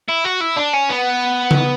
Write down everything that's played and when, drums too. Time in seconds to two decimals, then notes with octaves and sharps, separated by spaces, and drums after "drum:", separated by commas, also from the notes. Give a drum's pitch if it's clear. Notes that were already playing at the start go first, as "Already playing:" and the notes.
0.09 E4
0.25 F#4
0.41 E4
0.57 D4
0.74 C#4
0.89 B3
1.51 drum: tom C#3